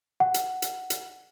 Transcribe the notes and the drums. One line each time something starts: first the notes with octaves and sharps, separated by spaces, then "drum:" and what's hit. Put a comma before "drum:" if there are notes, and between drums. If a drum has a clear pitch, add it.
F#5
drum: hi-hat
drum: hi-hat
drum: hi-hat